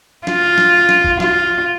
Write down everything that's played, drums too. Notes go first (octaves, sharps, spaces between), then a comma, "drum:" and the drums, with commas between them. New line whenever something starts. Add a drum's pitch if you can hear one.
F4, drum: snare
drum: snare
drum: snare
drum: kick
F4, drum: snare